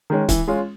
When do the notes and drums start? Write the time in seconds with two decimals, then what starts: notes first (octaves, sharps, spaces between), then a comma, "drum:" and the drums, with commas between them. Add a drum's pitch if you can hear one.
0.10 D#3 G#3 C#4
0.29 E3, drum: kick C#1, hi-hat
0.47 G#3 C#4 F4